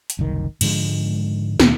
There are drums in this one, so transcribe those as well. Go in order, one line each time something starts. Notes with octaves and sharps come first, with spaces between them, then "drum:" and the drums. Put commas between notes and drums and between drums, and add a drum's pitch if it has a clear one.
drum: hi-hat
F#1 C2 D#3
G#2 D3 F3 G#3, drum: cymbal
D#2 B2, drum: snare